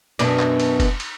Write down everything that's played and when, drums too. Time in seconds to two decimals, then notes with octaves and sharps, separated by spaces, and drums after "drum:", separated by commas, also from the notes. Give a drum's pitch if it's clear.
0.19 F#2 B2 D4, drum: cymbal
0.39 drum: clap
0.60 drum: cymbal
0.80 drum: kick F1, cymbal
1.00 drum: cymbal